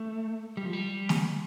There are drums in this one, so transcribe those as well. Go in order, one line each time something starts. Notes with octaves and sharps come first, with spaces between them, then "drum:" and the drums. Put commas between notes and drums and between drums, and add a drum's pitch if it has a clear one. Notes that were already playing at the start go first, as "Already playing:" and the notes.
Already playing: A3
G3
F3
G3
drum: snare